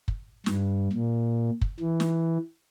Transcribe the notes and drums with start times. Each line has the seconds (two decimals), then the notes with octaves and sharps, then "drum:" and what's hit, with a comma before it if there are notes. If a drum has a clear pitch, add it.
0.08 drum: kick
0.46 G2, drum: snare
0.93 A#2
1.61 drum: kick
1.80 E3
2.00 drum: snare